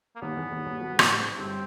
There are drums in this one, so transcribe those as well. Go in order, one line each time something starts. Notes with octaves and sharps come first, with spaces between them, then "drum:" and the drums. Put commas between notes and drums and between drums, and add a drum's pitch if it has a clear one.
A#3
D#2 D#3 B3
E2 E3
D#2 D#3
D#2 D#3
B1 B2
G#2
A1 A2, drum: rim click
G#1 G#2
G1 G2 C4